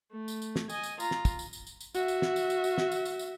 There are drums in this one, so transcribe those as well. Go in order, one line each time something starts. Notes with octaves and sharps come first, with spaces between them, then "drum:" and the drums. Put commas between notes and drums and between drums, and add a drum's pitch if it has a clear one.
A3
drum: tambourine
drum: tambourine
drum: snare
D#5 G#5, drum: tambourine
drum: tambourine
F4 A#5, drum: tambourine
drum: snare
drum: kick, tambourine
drum: tambourine
drum: tambourine
drum: tambourine
drum: tambourine
F#4 E5, drum: tambourine
drum: tambourine
drum: snare
drum: tambourine
drum: tambourine
drum: tambourine
drum: snare
drum: tambourine
drum: tambourine
drum: tambourine